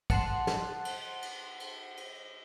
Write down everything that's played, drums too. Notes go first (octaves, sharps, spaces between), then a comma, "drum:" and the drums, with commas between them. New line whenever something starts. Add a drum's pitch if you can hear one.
F#5 A5 C6 F#6, drum: kick, cymbal
drum: snare
drum: cymbal
drum: cymbal
drum: cymbal
drum: cymbal